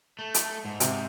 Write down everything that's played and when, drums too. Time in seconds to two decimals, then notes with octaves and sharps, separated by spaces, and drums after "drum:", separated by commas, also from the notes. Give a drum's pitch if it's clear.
0.19 A3
0.34 drum: hi-hat
0.65 G#2
0.80 G#2 C3, drum: hi-hat